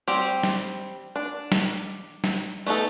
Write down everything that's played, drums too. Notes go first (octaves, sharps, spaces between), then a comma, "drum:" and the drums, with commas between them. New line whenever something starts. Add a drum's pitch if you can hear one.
G3 C4 G4
drum: snare
D4
drum: snare
drum: snare
A3 B3 D#4 A4